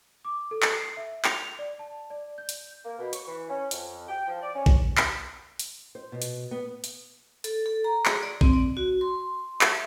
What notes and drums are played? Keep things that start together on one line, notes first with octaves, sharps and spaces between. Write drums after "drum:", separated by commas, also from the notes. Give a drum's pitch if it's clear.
D6
A4
drum: clap
C7
E5
F7, drum: clap
D5
A5
D5
G6
drum: hi-hat
A#3
B2
C#6, drum: hi-hat
E3
C#4
F2, drum: hi-hat
G5
F3
D5
C#4
drum: kick A#1
drum: clap
drum: hi-hat
C5
B2
drum: hi-hat
B3
drum: hi-hat
A4, drum: hi-hat
A4
A#5
G#4, drum: clap
D5
C4, drum: kick A#1
D5
F#4
C6
E5, drum: clap